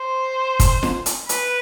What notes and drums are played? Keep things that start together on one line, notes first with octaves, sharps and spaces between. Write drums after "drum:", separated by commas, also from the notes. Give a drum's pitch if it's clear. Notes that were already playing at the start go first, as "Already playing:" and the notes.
Already playing: C5
drum: kick, hi-hat
drum: snare
drum: hi-hat
B4, drum: hi-hat